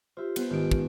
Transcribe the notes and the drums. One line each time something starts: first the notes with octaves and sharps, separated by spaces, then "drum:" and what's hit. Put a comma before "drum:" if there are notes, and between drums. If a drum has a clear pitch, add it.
F4 G4 C5 E5
B3 C5, drum: cymbal
G#1 D#3 F4 G4 D7
drum: kick